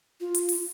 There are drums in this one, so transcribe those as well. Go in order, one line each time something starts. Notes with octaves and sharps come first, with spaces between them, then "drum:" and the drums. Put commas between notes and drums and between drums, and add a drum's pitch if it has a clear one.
F4
drum: hi-hat
drum: open hi-hat